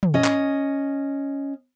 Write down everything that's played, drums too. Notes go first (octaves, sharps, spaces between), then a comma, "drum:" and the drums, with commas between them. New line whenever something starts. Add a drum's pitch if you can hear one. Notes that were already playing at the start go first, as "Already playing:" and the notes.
drum: tom
C#4 D#5
drum: clap